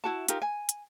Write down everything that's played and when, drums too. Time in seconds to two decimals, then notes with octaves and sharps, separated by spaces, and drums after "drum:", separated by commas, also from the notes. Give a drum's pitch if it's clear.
0.04 E4 F#4 A5
0.28 D#4 F4 G4 A#4, drum: hi-hat
0.42 G#5
0.69 drum: hi-hat